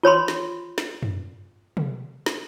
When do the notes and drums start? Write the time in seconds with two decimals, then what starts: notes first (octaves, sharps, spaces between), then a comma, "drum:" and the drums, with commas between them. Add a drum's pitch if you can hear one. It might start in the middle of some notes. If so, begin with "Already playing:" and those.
0.03 F4 C#5 B5 C6
0.28 drum: snare
0.78 drum: snare
1.03 drum: tom
1.77 drum: tom
2.26 drum: snare